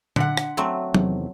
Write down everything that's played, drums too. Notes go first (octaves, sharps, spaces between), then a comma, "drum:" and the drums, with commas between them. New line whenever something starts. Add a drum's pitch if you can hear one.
D3 F#5, drum: tom A#2
drum: rim click
F#3 A3 C4
E2 C3 D#3, drum: tom F#3